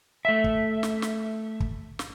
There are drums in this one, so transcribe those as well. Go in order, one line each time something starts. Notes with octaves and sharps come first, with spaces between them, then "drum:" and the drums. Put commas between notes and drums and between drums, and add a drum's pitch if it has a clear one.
A3 E5
drum: kick
drum: snare
drum: snare
drum: kick
drum: snare